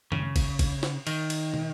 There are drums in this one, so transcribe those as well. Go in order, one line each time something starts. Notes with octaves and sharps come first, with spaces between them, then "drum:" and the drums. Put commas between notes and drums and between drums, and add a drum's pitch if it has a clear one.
C#3, drum: tom
drum: kick G1, cymbal
drum: kick G1, cymbal
drum: snare
D#3, drum: cymbal
drum: cymbal
drum: tom